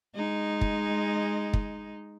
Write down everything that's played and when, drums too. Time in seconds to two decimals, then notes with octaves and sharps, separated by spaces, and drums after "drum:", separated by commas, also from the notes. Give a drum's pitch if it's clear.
0.15 G#3 D#4
0.61 drum: kick
1.53 drum: kick